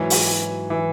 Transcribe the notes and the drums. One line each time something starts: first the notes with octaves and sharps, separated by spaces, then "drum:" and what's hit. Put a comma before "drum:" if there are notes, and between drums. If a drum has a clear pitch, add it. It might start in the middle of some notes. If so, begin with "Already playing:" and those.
Already playing: G#2 E3 F#3 C#4 F#4
drum: open hi-hat
E3